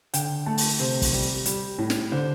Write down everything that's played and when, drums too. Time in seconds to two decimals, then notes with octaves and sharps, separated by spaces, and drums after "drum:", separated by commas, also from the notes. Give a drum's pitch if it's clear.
0.14 D3 G5, drum: hi-hat
0.46 A3 A5
0.58 drum: open hi-hat
0.79 C3 C5
1.02 drum: kick, open hi-hat
1.13 G3
1.46 G3, drum: hi-hat
1.78 A2
1.90 drum: snare
2.12 D3 C5